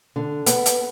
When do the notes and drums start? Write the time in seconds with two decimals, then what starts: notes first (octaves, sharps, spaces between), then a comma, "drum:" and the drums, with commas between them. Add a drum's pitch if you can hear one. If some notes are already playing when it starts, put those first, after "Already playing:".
0.16 D3
0.46 B3, drum: hi-hat
0.66 drum: hi-hat